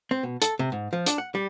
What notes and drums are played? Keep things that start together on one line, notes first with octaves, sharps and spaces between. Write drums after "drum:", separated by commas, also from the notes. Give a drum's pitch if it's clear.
C4
B2
A4, drum: hi-hat
C3
G#2
F3
D4, drum: hi-hat
F#5
G3